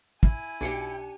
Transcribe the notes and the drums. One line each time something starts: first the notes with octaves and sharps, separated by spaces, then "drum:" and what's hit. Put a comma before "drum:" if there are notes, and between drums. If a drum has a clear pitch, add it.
E4 G#5, drum: kick
B1 D4 G4 C#7